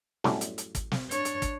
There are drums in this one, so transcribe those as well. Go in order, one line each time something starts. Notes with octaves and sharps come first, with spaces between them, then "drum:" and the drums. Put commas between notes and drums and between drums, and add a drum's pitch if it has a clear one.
F#2 A2 G3, drum: snare
drum: hi-hat
drum: hi-hat
drum: kick, hi-hat
drum: snare
D4 C#5, drum: hi-hat
drum: hi-hat
drum: kick, hi-hat